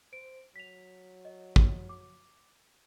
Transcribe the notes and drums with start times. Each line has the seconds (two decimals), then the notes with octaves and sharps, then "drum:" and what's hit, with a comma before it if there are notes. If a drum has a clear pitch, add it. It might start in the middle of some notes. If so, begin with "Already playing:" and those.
0.13 C5 D7
0.56 F#3 B6 F7
1.25 D#5
1.56 drum: kick
1.89 D6